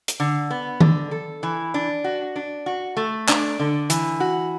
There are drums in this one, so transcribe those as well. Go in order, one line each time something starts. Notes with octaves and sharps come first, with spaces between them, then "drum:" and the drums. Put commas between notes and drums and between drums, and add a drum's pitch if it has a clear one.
drum: hi-hat
D3
B3
D3, drum: tom D#3
A4
E3
D4
F#4
D4
F#4
A3
D4, drum: clap
D3
E3, drum: hi-hat
F#4